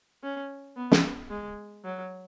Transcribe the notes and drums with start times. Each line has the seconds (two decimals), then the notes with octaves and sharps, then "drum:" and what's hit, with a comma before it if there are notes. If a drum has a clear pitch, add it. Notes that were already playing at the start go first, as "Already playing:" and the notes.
0.23 C#4
0.77 B3
0.92 drum: snare
1.30 G#3
1.84 F#3